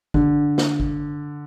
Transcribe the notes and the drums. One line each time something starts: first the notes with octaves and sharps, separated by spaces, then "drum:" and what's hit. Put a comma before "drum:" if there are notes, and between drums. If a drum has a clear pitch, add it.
D3, drum: kick G#1
drum: snare
drum: kick G#1